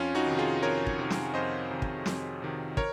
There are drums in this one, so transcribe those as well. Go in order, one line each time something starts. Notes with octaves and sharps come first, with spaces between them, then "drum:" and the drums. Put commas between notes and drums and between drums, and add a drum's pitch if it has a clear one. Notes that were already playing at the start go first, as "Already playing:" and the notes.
Already playing: F2 C#4 F4
D#4 F#4
C3 D#3
F4 G#4
F2 A#4 C#5
drum: kick
C3 D#3
drum: snare
F2 C5 D#5
C3 D#3
drum: kick
F2, drum: snare
C3 D#3
A#4 C#5, drum: kick